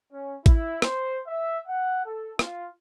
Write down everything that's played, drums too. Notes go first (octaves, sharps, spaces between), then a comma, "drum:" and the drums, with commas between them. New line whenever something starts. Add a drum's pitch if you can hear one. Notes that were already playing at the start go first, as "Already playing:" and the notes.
C#4
E4, drum: kick A1, hi-hat
C5, drum: rim click
E5
F#5
A4
F4, drum: rim click